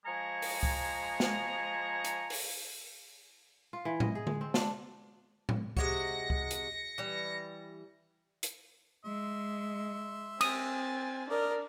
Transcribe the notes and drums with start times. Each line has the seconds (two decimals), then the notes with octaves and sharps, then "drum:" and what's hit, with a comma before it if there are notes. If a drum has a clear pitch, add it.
0.06 F3 G#3 G#5 A#5 C#6
0.42 drum: open hi-hat
0.63 drum: kick C#2
1.20 drum: snare
2.05 drum: hi-hat
2.30 drum: open hi-hat
3.73 F4
3.85 E3
4.00 D#5, drum: tom A2
4.15 G#4
4.27 G#3, drum: tom D3
4.41 C4
4.54 D4, drum: snare
5.49 drum: tom A2
5.77 C3 G#3 F#4 A#6 C#7, drum: kick C#2
6.30 drum: kick C#2
6.51 drum: hi-hat
6.98 E3 G3
8.43 drum: hi-hat
9.05 G#3 E5 C6
10.41 C4 G#5 D#6 A6, drum: cymbal
11.30 D4 A#4 D5 D#5 D6